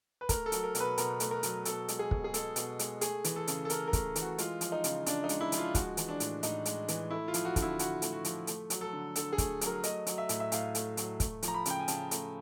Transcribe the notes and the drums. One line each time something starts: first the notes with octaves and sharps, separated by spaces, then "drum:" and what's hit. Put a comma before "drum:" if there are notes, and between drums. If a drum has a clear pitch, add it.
B4
A3 A#4, drum: kick, hi-hat
A4
F#3, drum: hi-hat
A#4
B2, drum: hi-hat
B4
B2 A#4, drum: hi-hat
A3, drum: hi-hat
A#4
F#3, drum: hi-hat
B2 A4, drum: hi-hat
G#3, drum: hi-hat
G#4
B2, drum: kick
G#4
G#3 A4, drum: hi-hat
B2, drum: hi-hat
G#3, drum: hi-hat
A3 G#4, drum: hi-hat
E3, drum: hi-hat
A4
C#3, drum: hi-hat
A4
C#3 A#4, drum: hi-hat
A#4
A3, drum: kick, hi-hat
E3, drum: hi-hat
F#4
G#3 F4, drum: hi-hat
F3, drum: hi-hat
D#4
C#3, drum: hi-hat
C#3 D4, drum: hi-hat
D#4
G#3, drum: hi-hat
E4
F3, drum: hi-hat
F4
G#3 F#4, drum: kick, hi-hat
E3, drum: hi-hat
D4
A2, drum: hi-hat
A2 D#4, drum: hi-hat
G#3, drum: hi-hat
E3, drum: hi-hat
A3 E4
F4
F3, drum: hi-hat
F#4
D3, drum: kick, hi-hat
E4
D3 F#4, drum: hi-hat
A3, drum: hi-hat
F#4
F3, drum: hi-hat
A3, drum: hi-hat
F#3, drum: hi-hat
A4
D3
D3 A4, drum: hi-hat
G#4
A3, drum: kick, hi-hat
F#3, drum: hi-hat
A#4
A3 D#5, drum: hi-hat
F#3, drum: hi-hat
E5
A2, drum: hi-hat
E5
A2 F5, drum: hi-hat
A3, drum: hi-hat
F#3, drum: hi-hat
A3, drum: kick, hi-hat
F3, drum: hi-hat
A#5
B5
C#3 G5, drum: hi-hat
G#5
C#3 A5, drum: hi-hat
A3, drum: hi-hat